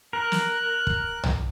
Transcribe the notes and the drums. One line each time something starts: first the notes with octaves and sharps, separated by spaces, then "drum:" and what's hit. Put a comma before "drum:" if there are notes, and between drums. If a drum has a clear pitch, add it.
A#4 F#6
drum: snare
drum: kick
drum: tom B1